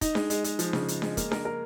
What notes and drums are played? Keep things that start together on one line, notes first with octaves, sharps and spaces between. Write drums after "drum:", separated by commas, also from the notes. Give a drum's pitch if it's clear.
D#4, drum: kick, hi-hat
G#3, drum: snare D4
G#3, drum: hi-hat
G#3, drum: hi-hat
F3, drum: hi-hat
C#3, drum: snare D4
D#4, drum: hi-hat
G#3, drum: snare D4
A#3, drum: kick, hi-hat
A#4, drum: snare D4
A#4